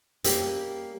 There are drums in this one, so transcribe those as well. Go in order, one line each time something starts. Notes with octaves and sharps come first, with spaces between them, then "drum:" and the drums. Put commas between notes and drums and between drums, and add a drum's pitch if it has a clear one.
G3 A#3 C#4 G4 G#4, drum: hi-hat